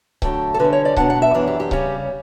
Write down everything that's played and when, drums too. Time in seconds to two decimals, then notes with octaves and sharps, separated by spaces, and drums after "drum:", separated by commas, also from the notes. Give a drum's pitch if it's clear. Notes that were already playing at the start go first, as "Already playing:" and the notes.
0.22 D3 F#3 A3 G5, drum: kick C#1
0.54 A4
0.59 D3 G3 C#4 B4
0.73 C#5
0.85 D5
0.96 B2 F#3 B3 D4 F#5, drum: kick C#1
1.10 F#5
1.22 E5
1.34 F#2 E3 B3 D4 D5
1.47 G4
1.60 G4
1.71 C#3 G3 C#4, drum: kick C#1